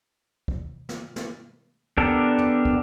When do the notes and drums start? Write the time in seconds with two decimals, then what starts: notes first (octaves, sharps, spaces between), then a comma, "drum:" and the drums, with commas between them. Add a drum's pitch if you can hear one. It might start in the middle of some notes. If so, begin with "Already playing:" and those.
0.48 drum: kick
0.89 drum: snare
1.16 drum: snare
1.97 B3 D4 G4 A4 A#4, drum: kick
2.38 drum: tom
2.65 drum: kick